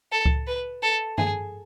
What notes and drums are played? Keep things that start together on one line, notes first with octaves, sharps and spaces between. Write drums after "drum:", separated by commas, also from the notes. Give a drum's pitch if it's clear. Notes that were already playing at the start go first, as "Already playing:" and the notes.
A4
drum: kick C#2
B4
A4
G#4, drum: tom G2